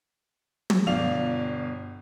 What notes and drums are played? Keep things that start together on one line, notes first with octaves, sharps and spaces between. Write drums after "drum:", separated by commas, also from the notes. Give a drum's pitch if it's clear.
drum: tom
G1 B2 D4 F5 F7